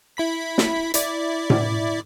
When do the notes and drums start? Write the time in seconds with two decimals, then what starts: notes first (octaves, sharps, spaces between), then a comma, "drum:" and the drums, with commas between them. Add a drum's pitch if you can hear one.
0.17 E4 B5 B6
0.58 drum: snare
0.94 E4 D5, drum: hi-hat
1.50 drum: tom A2